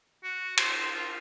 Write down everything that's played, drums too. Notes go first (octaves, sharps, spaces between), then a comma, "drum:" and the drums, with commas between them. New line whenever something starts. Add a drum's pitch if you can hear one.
F#4
C5, drum: cymbal
C5
F4